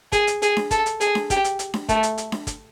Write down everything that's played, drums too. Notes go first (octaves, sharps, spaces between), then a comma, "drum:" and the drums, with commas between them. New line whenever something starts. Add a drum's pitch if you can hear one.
G#4, drum: kick, hi-hat
drum: hi-hat
G#4, drum: hi-hat
drum: snare D4
A4, drum: kick, hi-hat
drum: hi-hat
G#4, drum: hi-hat
drum: snare D4
G4, drum: kick, hi-hat
drum: hi-hat
drum: hi-hat
drum: snare D4
A3, drum: kick, hi-hat
drum: hi-hat
drum: hi-hat
drum: snare D4
drum: kick, hi-hat